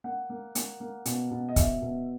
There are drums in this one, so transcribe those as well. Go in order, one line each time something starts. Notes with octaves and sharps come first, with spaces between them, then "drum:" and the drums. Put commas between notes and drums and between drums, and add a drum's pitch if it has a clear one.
A#3 F#5
A#3
A#3, drum: hi-hat
A#3
B2, drum: hi-hat
B2
D#5
B2 E5, drum: kick, hi-hat
B2